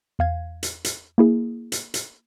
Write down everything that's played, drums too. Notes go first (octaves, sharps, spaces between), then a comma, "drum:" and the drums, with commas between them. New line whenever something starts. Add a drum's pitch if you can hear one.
E2 F5 G#6
drum: hi-hat
drum: hi-hat
A#3 E4 G#4
drum: hi-hat
drum: hi-hat